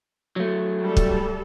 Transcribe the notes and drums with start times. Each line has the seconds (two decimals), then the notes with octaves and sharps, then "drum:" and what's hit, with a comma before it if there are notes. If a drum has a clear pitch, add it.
0.36 F#3 A3
0.82 G3 A4
0.97 drum: kick